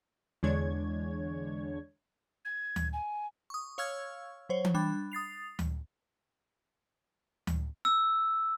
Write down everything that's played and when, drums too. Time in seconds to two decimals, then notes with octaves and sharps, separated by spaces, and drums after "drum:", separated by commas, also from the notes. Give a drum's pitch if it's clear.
0.43 E2 D3 G#3 D4 C#5 G#6
2.45 G#6
2.76 drum: tom D2
2.93 G#5
3.50 C#6 D#6
3.78 C#5 F5 C#6 E6 F6 G#6
4.49 F#3 C5 C#5
4.65 drum: tom E3
4.74 G3 D4 B5 F#6
5.12 D#6 A6 C7 F7
5.59 drum: tom D2
7.47 drum: tom D2
7.85 E6